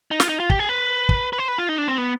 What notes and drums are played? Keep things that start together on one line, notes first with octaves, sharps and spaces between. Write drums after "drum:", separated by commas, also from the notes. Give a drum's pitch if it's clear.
D#4
F4, drum: snare
D#4
F4
G4, drum: kick
G#4
B4
drum: kick
B4
C5
B4
F4
D#4
D4
C4
B3